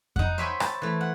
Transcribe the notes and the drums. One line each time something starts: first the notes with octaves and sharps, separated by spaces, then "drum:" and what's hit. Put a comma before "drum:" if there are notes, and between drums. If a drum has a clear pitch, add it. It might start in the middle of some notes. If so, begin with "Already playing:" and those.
D#4 F#5, drum: kick F2
C5 C#5 E5 G5 G#5 B5
A5, drum: rim click
E3 A3
F#5